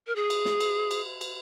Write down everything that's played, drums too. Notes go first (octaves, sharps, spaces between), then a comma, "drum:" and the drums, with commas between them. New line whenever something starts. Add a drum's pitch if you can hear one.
A#4
G#4
drum: cymbal
drum: snare
drum: cymbal
drum: cymbal
drum: cymbal